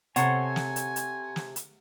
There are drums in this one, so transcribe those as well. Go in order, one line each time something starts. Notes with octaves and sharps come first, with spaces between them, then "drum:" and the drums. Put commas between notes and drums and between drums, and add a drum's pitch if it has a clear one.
C3 A4 C5 C#5 F#5 G#5, drum: hi-hat
drum: snare
drum: hi-hat
drum: hi-hat
drum: snare
drum: hi-hat